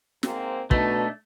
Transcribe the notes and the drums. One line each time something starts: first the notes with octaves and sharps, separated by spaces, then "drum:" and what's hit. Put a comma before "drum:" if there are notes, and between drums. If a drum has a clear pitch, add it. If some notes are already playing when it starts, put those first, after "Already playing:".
G#2 A#3 C4, drum: snare
B2 A3 D4 D#4, drum: kick